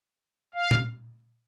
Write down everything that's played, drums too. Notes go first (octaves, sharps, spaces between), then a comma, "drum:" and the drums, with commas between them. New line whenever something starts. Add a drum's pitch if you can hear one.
F5
drum: tom A#2